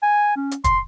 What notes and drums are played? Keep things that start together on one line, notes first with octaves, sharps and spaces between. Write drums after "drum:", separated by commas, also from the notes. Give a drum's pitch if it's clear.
G#5
C#4
drum: hi-hat
C6, drum: kick, hi-hat